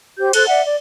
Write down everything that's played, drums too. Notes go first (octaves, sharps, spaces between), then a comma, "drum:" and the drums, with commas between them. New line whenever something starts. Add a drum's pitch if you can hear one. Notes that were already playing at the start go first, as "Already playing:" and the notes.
G4 C5 G6
A4 C5 F#6, drum: cymbal
D5 E5 F#5
D5